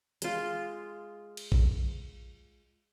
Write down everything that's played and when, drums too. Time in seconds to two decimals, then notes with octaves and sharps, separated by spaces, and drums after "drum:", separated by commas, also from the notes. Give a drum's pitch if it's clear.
0.22 G#3 F4, drum: hi-hat
1.37 drum: cymbal
1.52 drum: kick